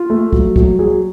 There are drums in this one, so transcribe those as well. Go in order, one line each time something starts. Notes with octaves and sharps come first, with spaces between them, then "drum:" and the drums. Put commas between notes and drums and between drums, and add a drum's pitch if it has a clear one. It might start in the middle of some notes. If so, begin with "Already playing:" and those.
Already playing: F4
A3
F#3, drum: kick
F#3, drum: kick
F#3 G#4